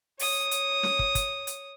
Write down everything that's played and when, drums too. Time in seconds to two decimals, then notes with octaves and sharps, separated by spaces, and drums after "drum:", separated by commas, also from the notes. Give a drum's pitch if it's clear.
0.19 C#5 D#6, drum: open hi-hat
0.51 drum: hi-hat
0.83 drum: snare
0.99 drum: kick
1.15 drum: kick, hi-hat
1.47 drum: hi-hat